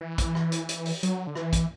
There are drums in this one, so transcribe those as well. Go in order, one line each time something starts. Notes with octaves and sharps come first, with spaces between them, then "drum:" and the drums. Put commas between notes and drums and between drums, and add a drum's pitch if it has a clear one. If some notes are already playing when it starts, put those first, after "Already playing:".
E3
drum: kick, hi-hat
drum: rim click
drum: hi-hat
drum: hi-hat
drum: open hi-hat
F#3, drum: hi-hat
D3
E3, drum: rim click
drum: kick, hi-hat